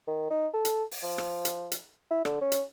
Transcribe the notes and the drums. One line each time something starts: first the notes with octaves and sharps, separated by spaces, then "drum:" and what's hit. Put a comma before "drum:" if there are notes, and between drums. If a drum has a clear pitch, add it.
D#3
D#4
A4
drum: hi-hat
drum: open hi-hat
F3
drum: rim click
drum: hi-hat
drum: hi-hat
E4
D3, drum: rim click
C#4
drum: hi-hat